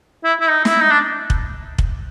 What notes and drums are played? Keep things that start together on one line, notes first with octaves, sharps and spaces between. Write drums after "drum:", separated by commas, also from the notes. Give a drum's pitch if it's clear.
E4
E4
D#4
E4, drum: snare
D#4
D4
drum: kick
drum: kick